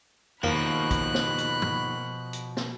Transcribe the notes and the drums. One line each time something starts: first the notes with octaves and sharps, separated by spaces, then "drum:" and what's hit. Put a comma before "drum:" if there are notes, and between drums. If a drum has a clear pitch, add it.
D#2 B2 F3 A#3 B5 F#6, drum: tom E2
drum: kick, hi-hat
drum: snare
drum: hi-hat
drum: tom
drum: hi-hat
drum: snare